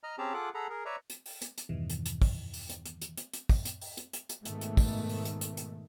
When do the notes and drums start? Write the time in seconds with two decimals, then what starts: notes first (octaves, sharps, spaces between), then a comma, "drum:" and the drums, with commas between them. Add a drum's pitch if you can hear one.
0.04 D#5 A#5 F6
0.18 C4 C#4 G4 G#4 A5 A#5
0.34 F4 G#4 A4 F#5 D6 F#6
0.54 G#4 A4 F#5 A#5 B5
0.70 G#4 A#4
0.85 B4 C#5 D5 E5 A#5
1.10 drum: hi-hat
1.26 drum: open hi-hat
1.42 drum: hi-hat
1.58 drum: hi-hat
1.69 E2 G2 B2 D#3 E3
1.90 drum: hi-hat
2.06 drum: hi-hat
2.22 drum: kick, open hi-hat
2.54 drum: open hi-hat
2.70 drum: hi-hat
2.85 drum: hi-hat
3.01 drum: hi-hat
3.17 drum: hi-hat
3.33 drum: hi-hat
3.49 drum: kick, open hi-hat
3.65 drum: hi-hat
3.81 drum: open hi-hat
3.97 drum: hi-hat
4.13 drum: hi-hat
4.29 drum: hi-hat
4.45 G#2 B2 D#3 A3, drum: hi-hat
4.61 drum: hi-hat
4.77 drum: kick, open hi-hat
5.09 drum: open hi-hat
5.25 drum: hi-hat
5.41 drum: hi-hat
5.57 drum: hi-hat